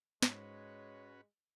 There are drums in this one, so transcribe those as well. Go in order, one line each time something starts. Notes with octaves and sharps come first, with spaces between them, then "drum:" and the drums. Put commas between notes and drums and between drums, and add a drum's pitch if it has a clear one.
G#2 G#3 C#4 F#4 B4 C#5, drum: snare